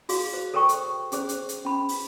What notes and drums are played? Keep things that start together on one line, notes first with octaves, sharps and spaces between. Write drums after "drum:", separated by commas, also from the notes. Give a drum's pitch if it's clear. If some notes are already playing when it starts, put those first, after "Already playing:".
F#4 G#4 F5, drum: open hi-hat
C5
A4 A#4 C5 G5 C#6
drum: hi-hat
C#4 G#4 C5, drum: hi-hat
drum: hi-hat
drum: hi-hat
C#4 B5
drum: open hi-hat